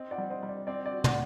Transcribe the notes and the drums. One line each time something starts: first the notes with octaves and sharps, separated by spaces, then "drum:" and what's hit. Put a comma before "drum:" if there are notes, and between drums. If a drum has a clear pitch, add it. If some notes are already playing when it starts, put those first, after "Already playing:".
Already playing: C4 C5 D#5
D5 F#5
G3
C5 D#5
G3
D5
C4 D5
D5
F#4
D5 F#5, drum: tom